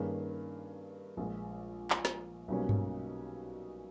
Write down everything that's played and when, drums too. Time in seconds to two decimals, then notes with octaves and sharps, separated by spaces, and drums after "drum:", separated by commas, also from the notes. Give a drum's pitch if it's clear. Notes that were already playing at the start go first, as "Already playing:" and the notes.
Already playing: G2 D#3 A#3 C#4 G#4
1.17 A#1 A#2 G#3
1.90 drum: clap
2.05 drum: snare
2.48 B1 B2 G3 A#3 C#4
2.69 drum: tom G2